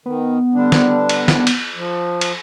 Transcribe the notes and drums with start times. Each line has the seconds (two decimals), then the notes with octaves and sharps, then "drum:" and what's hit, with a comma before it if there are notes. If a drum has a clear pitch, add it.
0.06 D#3 B3
0.53 D3 G3 D4
0.72 drum: snare
1.09 drum: cymbal
1.28 drum: snare
1.47 drum: cymbal
1.75 F3
2.21 drum: cymbal